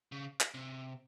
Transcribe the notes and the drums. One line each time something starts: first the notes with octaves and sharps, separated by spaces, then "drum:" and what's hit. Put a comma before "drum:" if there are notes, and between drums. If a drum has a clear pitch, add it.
C#3
drum: clap
C3